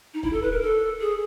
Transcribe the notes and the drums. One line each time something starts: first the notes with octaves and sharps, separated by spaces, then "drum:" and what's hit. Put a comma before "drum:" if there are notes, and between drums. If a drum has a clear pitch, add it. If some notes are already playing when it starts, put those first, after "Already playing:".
D#4
E4, drum: kick
A4
B4
A#4
A4
G#4